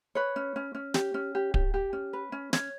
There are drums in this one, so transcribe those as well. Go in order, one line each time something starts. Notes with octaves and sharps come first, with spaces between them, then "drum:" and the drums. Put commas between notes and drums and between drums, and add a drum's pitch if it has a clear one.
B4 C#5
C#4
C#4
C#4
G4, drum: snare
C#4
G4
G4, drum: kick D1
G4
C#4
B4
C#4
C#4 C#5, drum: snare